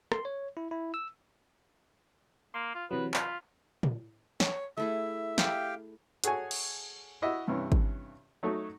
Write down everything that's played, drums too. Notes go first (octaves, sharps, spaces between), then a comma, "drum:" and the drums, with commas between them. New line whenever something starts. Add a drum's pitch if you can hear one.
C6, drum: rim click
C#5
E4
E4
E6
A#3 C6
F4
C3 E3 F#3 B4
F4 B5, drum: clap
drum: tom
C#5, drum: snare
A3 E4 G#4 E5
G4 F5 G5, drum: snare
F#4 G#4 A4 C#5 G#5, drum: hi-hat
drum: cymbal
E4 F#4 D#5 E5
G2 C3 E3 C#4
drum: kick G#1
F#3 A3 D#4 A4 C#5